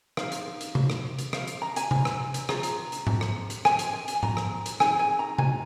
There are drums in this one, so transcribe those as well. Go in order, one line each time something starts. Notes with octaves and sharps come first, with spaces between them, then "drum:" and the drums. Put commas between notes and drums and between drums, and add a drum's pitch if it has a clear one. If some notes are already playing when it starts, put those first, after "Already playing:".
D#4 G#4 F5, drum: rim click
drum: hi-hat
drum: hi-hat
drum: tom C3
drum: rim click
drum: hi-hat
F5, drum: rim click
drum: hi-hat
A#5
G#5, drum: hi-hat
drum: tom C3
drum: rim click
drum: hi-hat
F4 G#4 A#5, drum: rim click
drum: hi-hat
drum: hi-hat
drum: tom G#2
drum: rim click
drum: hi-hat
G#5, drum: rim click
drum: hi-hat
G#5
drum: hi-hat
A#5, drum: tom G#2
drum: rim click
drum: hi-hat
D#4 G#4 G#5, drum: rim click
G#5
A#5
G#5, drum: tom C3